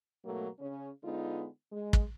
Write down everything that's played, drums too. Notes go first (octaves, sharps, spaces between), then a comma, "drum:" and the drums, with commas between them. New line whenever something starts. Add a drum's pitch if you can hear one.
G#2 B2 F#3 A3 A#3
C#3 C#4
D3 G#3 B3 D#4 F4
G#3
drum: kick